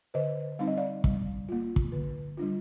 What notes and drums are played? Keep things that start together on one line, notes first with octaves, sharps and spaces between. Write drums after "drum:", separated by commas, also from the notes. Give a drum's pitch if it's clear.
D3 C5 D#5
G3 C4 D#4 F5
D#5
D5 F5
G3, drum: kick
A#3 F4
drum: kick
D3
G3 D4 F4